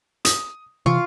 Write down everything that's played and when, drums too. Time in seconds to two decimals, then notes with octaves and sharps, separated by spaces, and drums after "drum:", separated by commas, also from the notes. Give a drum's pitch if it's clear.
0.25 D#6, drum: hi-hat
0.86 C3 E3 F4 C#6